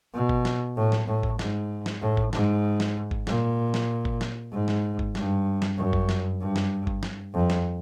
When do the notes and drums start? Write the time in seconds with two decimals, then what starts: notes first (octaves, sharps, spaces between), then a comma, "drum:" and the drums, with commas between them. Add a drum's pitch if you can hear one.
0.14 B2
0.29 drum: kick G1
0.45 drum: snare
0.76 A2
0.92 drum: snare
1.08 A2
1.23 drum: kick G1
1.39 G#2, drum: snare
1.86 drum: snare
2.01 A2
2.17 drum: kick G1
2.33 G#2, drum: snare
2.80 drum: snare
3.11 drum: kick G1
3.27 A#2, drum: snare
3.74 drum: snare
4.05 drum: kick G1
4.21 drum: snare
4.52 G#2
4.68 drum: snare
4.99 drum: kick G1
5.15 G2, drum: snare
5.62 drum: snare
5.77 F#2
5.93 drum: kick G1
6.09 drum: snare
6.41 G2
6.56 drum: snare
6.87 drum: kick G1
7.03 drum: snare
7.34 F2
7.50 drum: snare